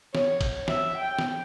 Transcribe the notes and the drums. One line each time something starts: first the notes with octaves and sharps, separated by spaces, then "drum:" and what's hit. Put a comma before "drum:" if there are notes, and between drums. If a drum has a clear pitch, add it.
C#5, drum: snare
drum: kick, cymbal
E5, drum: snare
G5
drum: snare